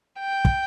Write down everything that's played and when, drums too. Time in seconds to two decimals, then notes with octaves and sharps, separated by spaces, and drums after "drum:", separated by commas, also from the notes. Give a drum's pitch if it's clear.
0.20 G5
0.45 drum: kick